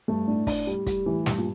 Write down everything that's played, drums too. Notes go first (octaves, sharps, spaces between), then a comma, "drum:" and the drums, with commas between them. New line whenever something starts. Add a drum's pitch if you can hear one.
G2 A3
A2 D4
D4, drum: kick, open hi-hat
G3
G3, drum: kick, hi-hat
A2 E3
G2, drum: snare
A#2